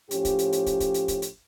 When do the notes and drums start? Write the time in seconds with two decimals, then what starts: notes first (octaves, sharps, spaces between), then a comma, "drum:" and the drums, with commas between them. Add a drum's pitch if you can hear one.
0.11 A2 F3 C#4 G4, drum: hi-hat
0.25 drum: kick, hi-hat
0.39 drum: hi-hat
0.52 drum: hi-hat
0.66 drum: kick, hi-hat
0.80 drum: kick, hi-hat
0.94 drum: hi-hat
1.08 drum: kick, hi-hat
1.22 drum: hi-hat